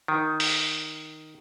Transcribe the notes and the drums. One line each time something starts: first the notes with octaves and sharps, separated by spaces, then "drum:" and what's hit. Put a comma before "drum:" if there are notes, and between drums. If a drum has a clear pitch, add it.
D#3
drum: open hi-hat